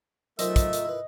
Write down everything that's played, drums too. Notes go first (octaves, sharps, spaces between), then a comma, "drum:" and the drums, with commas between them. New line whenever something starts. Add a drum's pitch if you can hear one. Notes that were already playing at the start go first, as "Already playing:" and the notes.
B1 A3 F4 A#4 C5 D#5 E5, drum: hi-hat
drum: kick, hi-hat
drum: hi-hat
E4 B4